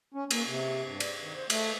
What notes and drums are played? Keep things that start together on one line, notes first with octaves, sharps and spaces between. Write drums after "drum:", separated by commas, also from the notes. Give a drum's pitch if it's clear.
C#4
A#3, drum: cymbal
C3
G2
D5, drum: cymbal
D#3
C5
A3, drum: cymbal